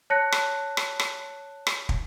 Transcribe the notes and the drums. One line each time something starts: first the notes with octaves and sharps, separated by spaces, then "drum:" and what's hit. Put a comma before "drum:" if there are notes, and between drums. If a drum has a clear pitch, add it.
C#5 A5 F#6 A#6 C#7
drum: rim click
drum: rim click
drum: rim click
drum: rim click
drum: kick